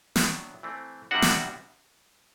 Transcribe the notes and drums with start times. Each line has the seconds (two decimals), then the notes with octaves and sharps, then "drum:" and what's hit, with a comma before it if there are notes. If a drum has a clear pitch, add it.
0.16 A2 F#3 B3 D4, drum: snare
0.63 E3 A3 C4
1.11 C3 G3 B3 D4 F#4 F#5
1.22 drum: snare